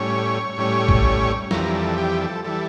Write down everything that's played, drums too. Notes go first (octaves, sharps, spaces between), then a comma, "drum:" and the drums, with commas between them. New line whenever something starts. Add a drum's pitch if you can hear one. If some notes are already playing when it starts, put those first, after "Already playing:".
Already playing: A2 G3 C#4 C#5
A2 G3 C#4
drum: kick A#1
F2 E3 G3 A#4, drum: snare
A4
G4
A4
E3 G3 A4